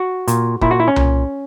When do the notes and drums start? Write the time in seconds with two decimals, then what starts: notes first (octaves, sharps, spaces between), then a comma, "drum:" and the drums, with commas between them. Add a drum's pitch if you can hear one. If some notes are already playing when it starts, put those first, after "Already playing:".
Already playing: F#4
0.28 A#2, drum: hi-hat
0.61 A#2 E4, drum: kick
0.71 F#4
0.80 E4
0.88 C#4
0.96 A#2, drum: tom C2